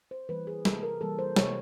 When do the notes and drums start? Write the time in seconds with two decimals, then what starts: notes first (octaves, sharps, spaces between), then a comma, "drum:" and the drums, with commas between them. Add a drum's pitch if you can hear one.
0.11 C5
0.29 E3 G3 A#3 B4
0.47 G#4
0.65 C3 A4, drum: snare
0.83 A#4
1.00 E3 G3 A#3 A4
1.19 C5
1.36 C3 C#5, drum: snare